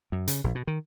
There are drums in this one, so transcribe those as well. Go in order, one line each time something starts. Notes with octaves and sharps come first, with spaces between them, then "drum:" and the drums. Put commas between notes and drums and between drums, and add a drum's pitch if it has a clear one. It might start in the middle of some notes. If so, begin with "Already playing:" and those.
F#2
C#3, drum: hi-hat
A#1
B2
D#3